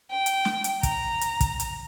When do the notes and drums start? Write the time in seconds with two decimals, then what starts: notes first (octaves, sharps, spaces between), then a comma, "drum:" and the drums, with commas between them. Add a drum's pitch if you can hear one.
0.11 G5
0.26 drum: hi-hat
0.45 drum: snare
0.64 drum: hi-hat
0.83 A#5, drum: kick, hi-hat
1.21 drum: hi-hat
1.40 drum: kick, hi-hat
1.60 drum: hi-hat